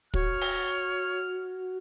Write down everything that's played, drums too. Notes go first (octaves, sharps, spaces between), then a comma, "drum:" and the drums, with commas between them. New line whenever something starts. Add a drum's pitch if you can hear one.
F#4 C#5 F6, drum: kick
drum: open hi-hat